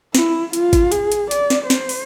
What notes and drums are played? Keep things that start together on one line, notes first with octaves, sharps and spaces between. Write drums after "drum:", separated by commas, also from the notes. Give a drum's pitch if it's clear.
E4, drum: snare
F4, drum: hi-hat
drum: kick, hi-hat
G#4, drum: hi-hat
drum: hi-hat
D5, drum: hi-hat
drum: snare
C5, drum: snare
drum: open hi-hat